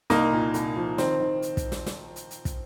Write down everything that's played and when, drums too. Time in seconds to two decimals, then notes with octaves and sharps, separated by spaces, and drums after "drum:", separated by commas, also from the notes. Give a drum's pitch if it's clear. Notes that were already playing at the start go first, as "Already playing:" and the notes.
0.10 C2 A#3 D#4, drum: snare
0.32 A#2
0.54 C2, drum: hi-hat
0.76 F3
0.98 D#3 C4, drum: snare
1.20 D#3
1.42 drum: hi-hat
1.57 drum: kick, hi-hat
1.72 drum: snare
1.86 drum: snare
2.16 drum: hi-hat
2.31 drum: hi-hat
2.45 drum: kick, hi-hat